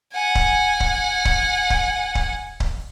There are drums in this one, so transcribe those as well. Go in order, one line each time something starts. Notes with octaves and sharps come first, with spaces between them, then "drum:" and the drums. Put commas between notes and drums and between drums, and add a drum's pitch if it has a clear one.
F#5 G#5
drum: kick C#1
drum: kick C#1
drum: kick C#1
drum: kick C#1
drum: kick C#1
drum: kick C#1